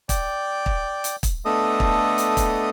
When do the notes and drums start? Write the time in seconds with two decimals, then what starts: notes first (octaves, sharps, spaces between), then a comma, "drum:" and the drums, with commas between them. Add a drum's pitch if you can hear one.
0.09 D5 G5, drum: kick, hi-hat
0.66 drum: kick
1.04 drum: hi-hat
1.23 drum: kick, hi-hat
1.45 A3 B3 D4 A4 D#5 D#6
1.80 drum: kick
2.18 drum: hi-hat
2.37 drum: kick, hi-hat